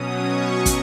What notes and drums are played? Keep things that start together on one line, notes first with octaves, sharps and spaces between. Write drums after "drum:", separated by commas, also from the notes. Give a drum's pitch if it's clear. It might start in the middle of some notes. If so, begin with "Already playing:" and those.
Already playing: B2 F#3 C#4 D#6
C#6
drum: kick, hi-hat